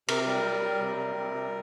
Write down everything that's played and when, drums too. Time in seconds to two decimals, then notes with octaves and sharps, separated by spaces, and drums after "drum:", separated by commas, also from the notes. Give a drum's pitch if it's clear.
0.08 C3 A#4, drum: cymbal
0.27 G3 A#4
0.45 G3
0.63 G3
0.81 C3
0.99 G3
1.17 C3
1.35 G3